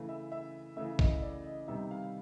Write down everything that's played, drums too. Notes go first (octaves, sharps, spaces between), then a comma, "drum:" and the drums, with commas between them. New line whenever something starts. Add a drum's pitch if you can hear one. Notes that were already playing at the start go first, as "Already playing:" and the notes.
Already playing: C#3 E3 A3
E5
E5
C#3 E3 A3 E5
D#5, drum: kick
D5
D#5
C3 D#3 G3 B3 D#4 E5
F5